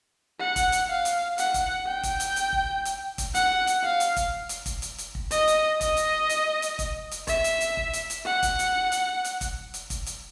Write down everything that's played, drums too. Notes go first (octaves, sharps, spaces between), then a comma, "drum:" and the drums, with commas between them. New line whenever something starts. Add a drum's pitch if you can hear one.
F#5
drum: kick, hi-hat
drum: hi-hat
F5
drum: hi-hat
F#5, drum: hi-hat
drum: kick, hi-hat
G5
drum: kick, hi-hat
drum: hi-hat
drum: hi-hat
drum: kick
drum: hi-hat
drum: kick, hi-hat
F#5, drum: hi-hat
drum: hi-hat
F5
drum: hi-hat
drum: kick, hi-hat
drum: hi-hat
drum: kick, hi-hat
drum: hi-hat
drum: hi-hat
drum: kick
D#5, drum: hi-hat
drum: hi-hat
D#5, drum: kick, hi-hat
drum: hi-hat
drum: hi-hat
drum: hi-hat
drum: kick, hi-hat
drum: hi-hat
E5, drum: kick, hi-hat
drum: hi-hat
drum: hi-hat
drum: kick
drum: hi-hat
drum: hi-hat
F#5
drum: kick, hi-hat
drum: hi-hat
drum: hi-hat
drum: hi-hat
drum: kick, hi-hat
drum: hi-hat
drum: kick, hi-hat
drum: hi-hat